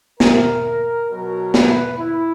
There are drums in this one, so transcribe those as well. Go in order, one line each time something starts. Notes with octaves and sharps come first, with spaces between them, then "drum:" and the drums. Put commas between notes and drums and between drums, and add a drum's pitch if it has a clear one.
A#4, drum: snare
B2 F#3 A#4
B4, drum: snare
E4